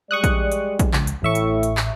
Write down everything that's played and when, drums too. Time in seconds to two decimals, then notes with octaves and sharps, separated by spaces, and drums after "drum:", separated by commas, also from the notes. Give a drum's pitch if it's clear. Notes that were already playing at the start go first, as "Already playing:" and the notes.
0.11 G3 G#3 D5 C#6 D#6 F#6
0.24 drum: kick A#1, hi-hat
0.52 drum: hi-hat
0.79 drum: kick A#1, hi-hat
0.93 C#2, drum: clap
1.07 drum: hi-hat
1.23 A1 A2 E5 C#6
1.35 drum: hi-hat
1.63 drum: hi-hat
1.77 drum: clap